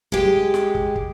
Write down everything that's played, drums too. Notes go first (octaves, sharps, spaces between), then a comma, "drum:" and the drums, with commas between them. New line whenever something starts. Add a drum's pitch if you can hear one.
G#3 G4, drum: kick
drum: snare
drum: kick
drum: kick